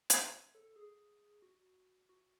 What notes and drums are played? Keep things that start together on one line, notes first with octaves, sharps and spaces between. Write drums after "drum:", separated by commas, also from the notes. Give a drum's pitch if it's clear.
E5, drum: hi-hat
C#5
A4
G#4
F#4
F#4